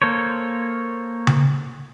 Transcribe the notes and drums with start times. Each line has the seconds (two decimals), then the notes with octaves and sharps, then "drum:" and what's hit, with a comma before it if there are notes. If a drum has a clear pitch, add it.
0.02 A#3 A4 C5 C#5
1.27 drum: tom C#3